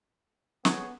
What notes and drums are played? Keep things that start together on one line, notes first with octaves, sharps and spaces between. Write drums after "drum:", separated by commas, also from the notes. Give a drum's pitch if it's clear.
B3 G#4 C#5 C#6, drum: snare